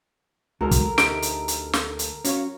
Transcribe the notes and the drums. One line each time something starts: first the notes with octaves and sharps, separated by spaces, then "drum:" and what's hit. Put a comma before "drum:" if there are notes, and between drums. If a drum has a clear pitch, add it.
D2 G#3 D#4 F#4 A4 A#4
drum: kick, hi-hat
D#4 G4 E5 D7, drum: snare
drum: hi-hat
drum: hi-hat
drum: snare
drum: hi-hat
C#4 F#4 C#5 F5 C#6, drum: hi-hat